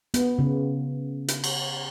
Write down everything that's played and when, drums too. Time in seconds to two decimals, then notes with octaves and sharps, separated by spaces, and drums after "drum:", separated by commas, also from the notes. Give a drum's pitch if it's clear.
0.14 B3, drum: hi-hat
0.39 C#3
1.28 drum: hi-hat
1.44 drum: cymbal